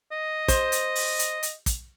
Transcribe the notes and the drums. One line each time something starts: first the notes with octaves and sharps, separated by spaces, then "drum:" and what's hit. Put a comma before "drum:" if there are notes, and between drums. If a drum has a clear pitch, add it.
D#5
C5, drum: kick, hi-hat
drum: hi-hat
drum: open hi-hat
drum: hi-hat
drum: hi-hat
drum: kick, hi-hat